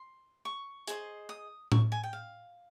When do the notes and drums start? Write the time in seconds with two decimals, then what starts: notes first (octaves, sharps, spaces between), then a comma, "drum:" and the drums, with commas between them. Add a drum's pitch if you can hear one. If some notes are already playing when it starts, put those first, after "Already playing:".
Already playing: C6
0.45 C#6
0.87 G#4 C5 D#5, drum: hi-hat
1.29 D#6
1.72 C#6, drum: tom A2
1.92 G#5
2.03 G5
2.13 F5